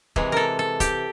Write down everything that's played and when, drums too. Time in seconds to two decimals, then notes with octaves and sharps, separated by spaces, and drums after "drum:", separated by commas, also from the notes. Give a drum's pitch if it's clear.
0.16 C3 E3 G#3, drum: kick
0.32 A4 A#4
0.59 A4
0.80 G4, drum: kick, hi-hat